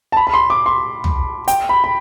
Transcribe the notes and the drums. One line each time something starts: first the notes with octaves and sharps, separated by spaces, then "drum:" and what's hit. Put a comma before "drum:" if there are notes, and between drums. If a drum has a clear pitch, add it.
A5
B5
B5
C6
D6
C6
drum: tom
G5, drum: hi-hat
B5
B5